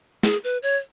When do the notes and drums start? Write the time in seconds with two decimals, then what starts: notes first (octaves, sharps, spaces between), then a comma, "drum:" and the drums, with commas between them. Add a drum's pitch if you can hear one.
0.23 G#4, drum: snare
0.44 B4
0.63 C#5